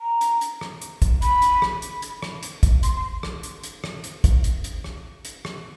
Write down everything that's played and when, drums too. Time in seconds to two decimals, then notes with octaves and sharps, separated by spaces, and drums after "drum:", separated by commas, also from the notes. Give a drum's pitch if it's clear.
0.01 A#5
0.21 drum: hi-hat
0.41 drum: hi-hat
0.61 drum: rim click
0.82 drum: hi-hat
1.02 drum: kick, hi-hat
1.22 B5, drum: hi-hat
1.42 drum: hi-hat
1.62 drum: rim click
1.82 drum: hi-hat
2.02 drum: hi-hat
2.23 drum: rim click
2.43 drum: hi-hat
2.63 drum: kick, hi-hat
2.83 C6, drum: hi-hat
2.96 C6
3.23 drum: rim click
3.43 drum: hi-hat
3.64 drum: hi-hat
3.84 drum: rim click
4.04 drum: hi-hat
4.24 drum: kick, hi-hat
4.44 drum: hi-hat
4.64 drum: hi-hat
4.84 drum: rim click
5.25 drum: hi-hat
5.45 drum: rim click